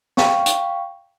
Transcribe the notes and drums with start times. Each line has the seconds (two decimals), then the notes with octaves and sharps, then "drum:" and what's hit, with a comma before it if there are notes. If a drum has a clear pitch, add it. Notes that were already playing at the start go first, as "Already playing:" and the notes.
0.17 F5 G5 C#6, drum: snare
0.46 drum: hi-hat